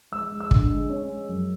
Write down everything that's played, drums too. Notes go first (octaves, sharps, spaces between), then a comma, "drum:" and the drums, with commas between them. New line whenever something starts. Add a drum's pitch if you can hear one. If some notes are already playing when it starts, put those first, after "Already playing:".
G#3 E6
G#3
E6
D3, drum: kick
G#3
C#4
G#3
F#2